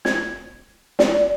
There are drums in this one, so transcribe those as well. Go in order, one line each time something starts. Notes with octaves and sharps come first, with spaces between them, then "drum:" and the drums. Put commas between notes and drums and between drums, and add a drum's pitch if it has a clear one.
G#6, drum: snare
D5, drum: snare